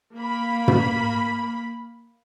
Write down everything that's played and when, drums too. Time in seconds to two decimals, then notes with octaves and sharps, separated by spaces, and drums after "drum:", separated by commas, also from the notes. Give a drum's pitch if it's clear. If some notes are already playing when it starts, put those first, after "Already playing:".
0.16 A#3 B5
0.68 drum: tom